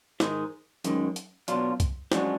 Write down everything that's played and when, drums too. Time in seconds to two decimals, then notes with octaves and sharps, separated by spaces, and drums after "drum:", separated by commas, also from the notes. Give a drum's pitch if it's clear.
0.20 G#2 D#3 G#3 D#4, drum: snare
0.85 F#2 D#3 G#3, drum: hi-hat
1.16 drum: hi-hat
1.48 B2 F#3 D4 F4, drum: hi-hat
1.80 drum: kick C2, hi-hat
2.12 F#2 F3 G#3 D4 F#4, drum: snare